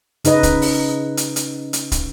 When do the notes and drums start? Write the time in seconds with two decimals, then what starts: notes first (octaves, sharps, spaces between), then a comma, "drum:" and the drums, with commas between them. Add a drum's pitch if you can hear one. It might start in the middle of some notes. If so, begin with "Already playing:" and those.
0.25 C#3 D#4 B4 D#5, drum: hi-hat
0.43 drum: kick, hi-hat
0.62 drum: open hi-hat
1.17 drum: hi-hat
1.36 drum: hi-hat
1.73 drum: hi-hat
1.92 drum: kick, hi-hat